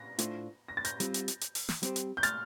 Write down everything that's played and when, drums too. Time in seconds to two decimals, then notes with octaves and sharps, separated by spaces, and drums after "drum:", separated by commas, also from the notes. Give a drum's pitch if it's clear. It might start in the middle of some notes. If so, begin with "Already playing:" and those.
Already playing: A#6
0.19 A2 A3 D4 F4 C5, drum: hi-hat
0.68 A#6
0.77 A6
0.85 G6 A#6, drum: hi-hat
1.00 G3 C4 F4, drum: hi-hat
1.14 drum: hi-hat
1.28 drum: hi-hat
1.41 drum: hi-hat
1.55 drum: open hi-hat
1.69 drum: snare
1.83 G3 C4 G4 C5, drum: hi-hat
1.96 drum: hi-hat
2.17 G6
2.23 F6 A6, drum: hi-hat